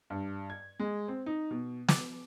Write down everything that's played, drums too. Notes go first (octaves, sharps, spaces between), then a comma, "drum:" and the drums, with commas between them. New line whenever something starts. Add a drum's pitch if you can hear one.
G2
G#6
G#3
C4
D#4
B2
D6, drum: snare